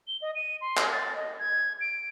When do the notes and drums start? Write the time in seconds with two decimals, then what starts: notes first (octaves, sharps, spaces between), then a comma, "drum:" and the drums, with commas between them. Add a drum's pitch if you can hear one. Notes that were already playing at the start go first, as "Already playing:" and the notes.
0.08 G7
0.21 D#5
0.35 D#7
0.61 C6
0.77 drum: clap
0.92 A6
1.16 D#5
1.39 G#6
1.81 D7